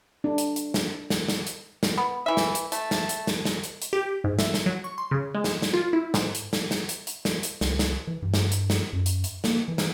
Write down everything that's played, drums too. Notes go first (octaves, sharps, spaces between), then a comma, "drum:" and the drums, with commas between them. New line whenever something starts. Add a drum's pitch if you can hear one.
D4
drum: hi-hat
drum: hi-hat
drum: snare
drum: snare
drum: snare
drum: hi-hat
drum: snare
B3
E3 E5
drum: snare
drum: hi-hat
A3, drum: hi-hat
drum: snare
drum: hi-hat
drum: snare
drum: snare
drum: hi-hat
drum: hi-hat
G4
G#2
E5, drum: snare
drum: snare
F#3
C#6
C6
C#3
G#3
drum: snare
drum: snare
F4
E4
G#2, drum: snare
drum: hi-hat
drum: snare
drum: snare
drum: hi-hat
drum: hi-hat
drum: snare
drum: hi-hat
C#2, drum: snare
drum: snare
E3
G2
drum: snare
drum: hi-hat
drum: snare
F#2
drum: hi-hat
drum: hi-hat
A#3, drum: snare
E3
drum: snare